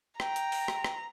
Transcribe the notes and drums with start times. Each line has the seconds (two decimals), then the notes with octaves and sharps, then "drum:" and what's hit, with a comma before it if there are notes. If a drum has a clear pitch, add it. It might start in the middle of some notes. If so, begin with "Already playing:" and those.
0.20 G5 A#5, drum: rim click
0.36 drum: hi-hat
0.52 drum: open hi-hat
0.68 drum: rim click
0.84 drum: rim click